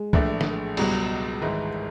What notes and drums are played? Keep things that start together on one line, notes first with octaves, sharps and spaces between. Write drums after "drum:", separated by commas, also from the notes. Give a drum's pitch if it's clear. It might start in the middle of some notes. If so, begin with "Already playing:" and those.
Already playing: G#3
A#1 A2 E3 A3 D4, drum: kick C2
drum: snare
C#2 B2 F#3 G3, drum: cymbal
G#1 G#2 E3 G#3